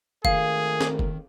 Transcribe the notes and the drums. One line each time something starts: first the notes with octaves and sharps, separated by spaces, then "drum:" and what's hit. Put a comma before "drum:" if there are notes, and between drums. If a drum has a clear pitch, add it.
G#1 D#3 A3 G#4 A#4 F5, drum: kick
drum: snare
drum: kick